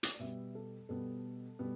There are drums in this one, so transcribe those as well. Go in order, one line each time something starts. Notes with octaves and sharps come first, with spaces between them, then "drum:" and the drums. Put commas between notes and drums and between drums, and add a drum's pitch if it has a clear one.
drum: hi-hat
D5
B2 G3 B3 E5
A4
B2 G3 B3 A4
B2 G3 B3